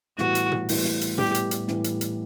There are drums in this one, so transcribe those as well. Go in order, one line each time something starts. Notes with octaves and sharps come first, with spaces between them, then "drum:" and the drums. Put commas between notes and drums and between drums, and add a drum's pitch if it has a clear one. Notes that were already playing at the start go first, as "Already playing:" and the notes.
A2 E3 G3 B3 F#4, drum: snare
drum: hi-hat
drum: tom A#2
A2 E3 G3 B3, drum: open hi-hat
drum: snare
drum: hi-hat
A2 E3 G3 B3 G4, drum: tom A#2
drum: hi-hat
drum: hi-hat
A2 E3 G3 B3, drum: snare
drum: hi-hat
drum: hi-hat